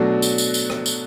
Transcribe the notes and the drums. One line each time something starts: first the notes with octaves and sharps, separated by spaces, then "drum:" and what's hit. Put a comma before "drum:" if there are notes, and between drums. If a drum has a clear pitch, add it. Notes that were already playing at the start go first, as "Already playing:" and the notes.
Already playing: B2 F#3 A3 D4 F#4
drum: tambourine
drum: tambourine
drum: tambourine
drum: rim click
drum: tambourine